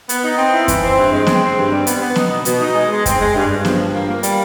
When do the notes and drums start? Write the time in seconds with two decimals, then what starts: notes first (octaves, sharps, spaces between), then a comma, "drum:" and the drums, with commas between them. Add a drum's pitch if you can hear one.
0.09 B3, drum: hi-hat
0.23 D#4
0.38 C4
0.53 E4
0.68 E3, drum: kick F#2, hi-hat
0.83 C4
0.98 G2
1.12 G#3
1.27 C4, drum: snare
1.42 C4
1.56 G2
1.71 G3
1.87 B3, drum: hi-hat
2.02 B3
2.16 D#4, drum: snare
2.31 B2
2.45 B2, drum: hi-hat
2.60 D#4
2.75 G#3
2.91 G#3
3.06 C4, drum: kick F#2, hi-hat
3.20 G#3
3.35 G2
3.49 G2
3.65 F3, drum: snare
3.79 G2
3.95 A#3
4.09 A#3
4.23 G3, drum: hi-hat